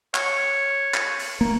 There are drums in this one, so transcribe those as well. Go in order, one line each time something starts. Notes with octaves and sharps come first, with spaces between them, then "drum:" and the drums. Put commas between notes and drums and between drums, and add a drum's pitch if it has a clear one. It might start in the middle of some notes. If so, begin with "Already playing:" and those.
C#5, drum: clap
drum: clap
drum: open hi-hat
A#3